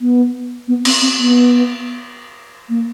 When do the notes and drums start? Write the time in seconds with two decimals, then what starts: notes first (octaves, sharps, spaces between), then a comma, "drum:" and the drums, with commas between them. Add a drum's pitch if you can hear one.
0.01 B3
0.68 B3
0.85 C4, drum: cymbal
1.02 C4
1.18 B3
2.69 A#3